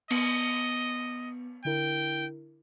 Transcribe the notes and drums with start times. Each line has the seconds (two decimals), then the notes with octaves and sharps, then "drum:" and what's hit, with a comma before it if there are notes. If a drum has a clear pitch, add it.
0.11 B3 D#5, drum: cymbal
1.65 D3 E4 A#4 G5